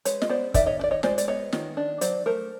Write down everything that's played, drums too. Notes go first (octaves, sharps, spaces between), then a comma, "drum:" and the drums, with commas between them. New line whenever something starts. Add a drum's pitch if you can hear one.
G#3 B4 C#5, drum: hi-hat
D#5, drum: snare
B3 C5 D5
D#3 D5 E5, drum: kick, hi-hat
C#5 D#5
D4
D5
C#5 D#5
G#3 C5 D5, drum: snare
D5, drum: hi-hat
B3 C#5 D#5
D#3, drum: snare
D4
F#3 C5 D5, drum: hi-hat
A3 A#4 C5